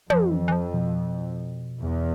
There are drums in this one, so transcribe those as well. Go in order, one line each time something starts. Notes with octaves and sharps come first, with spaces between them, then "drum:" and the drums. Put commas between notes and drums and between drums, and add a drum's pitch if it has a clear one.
F2 F3, drum: tom
E3
E3
F3
B2
E2